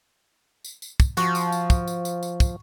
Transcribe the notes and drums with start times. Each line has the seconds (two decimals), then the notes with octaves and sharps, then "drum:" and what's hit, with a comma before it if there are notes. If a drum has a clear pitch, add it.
0.65 drum: tambourine
0.82 drum: tambourine
1.00 drum: kick, tambourine
1.17 F3 F#4, drum: tambourine
1.35 drum: tambourine
1.52 drum: tambourine
1.70 drum: kick, tambourine
1.87 drum: tambourine
2.05 drum: tambourine
2.23 drum: tambourine
2.40 drum: kick, tambourine